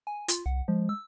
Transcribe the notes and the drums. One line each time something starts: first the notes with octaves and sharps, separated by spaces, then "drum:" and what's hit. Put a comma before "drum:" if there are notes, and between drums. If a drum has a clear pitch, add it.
G#5
F4, drum: hi-hat
C2 F#5
F3 G#3
E6